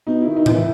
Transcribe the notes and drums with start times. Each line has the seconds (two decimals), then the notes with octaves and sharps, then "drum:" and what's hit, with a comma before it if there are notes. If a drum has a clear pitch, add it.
0.07 B2 D#4
0.22 E4
0.27 D#3
0.36 D#4
0.46 E3, drum: tom A2
0.51 E4